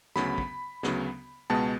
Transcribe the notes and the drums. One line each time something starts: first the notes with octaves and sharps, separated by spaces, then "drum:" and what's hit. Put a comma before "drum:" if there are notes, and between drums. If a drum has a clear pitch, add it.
D2 C#3 F#3 B3 B5, drum: snare
drum: kick
D2 C#3 F#3 B3, drum: snare
C#2 B2 G#3 B3 A5